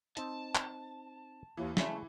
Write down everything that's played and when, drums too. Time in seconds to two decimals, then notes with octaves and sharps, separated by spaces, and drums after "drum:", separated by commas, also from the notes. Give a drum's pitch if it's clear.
0.17 C4 D#4 A5, drum: hi-hat
0.55 drum: clap
1.57 D#2 E3
1.77 C#3 G#3 A3, drum: snare